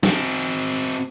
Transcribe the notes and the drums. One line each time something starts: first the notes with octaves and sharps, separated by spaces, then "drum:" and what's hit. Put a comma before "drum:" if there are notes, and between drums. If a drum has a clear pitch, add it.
C4 F#4, drum: snare